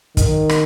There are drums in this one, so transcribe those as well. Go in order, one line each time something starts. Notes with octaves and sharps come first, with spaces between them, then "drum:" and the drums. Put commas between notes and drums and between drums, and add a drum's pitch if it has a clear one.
D#3, drum: kick, hi-hat
drum: rim click